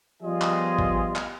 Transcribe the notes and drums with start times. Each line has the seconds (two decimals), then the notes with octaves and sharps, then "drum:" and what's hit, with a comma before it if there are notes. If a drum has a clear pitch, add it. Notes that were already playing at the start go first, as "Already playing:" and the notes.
0.23 F3 G3 B3 F4 G#4 D#5
0.41 drum: clap
0.79 drum: kick
1.16 drum: clap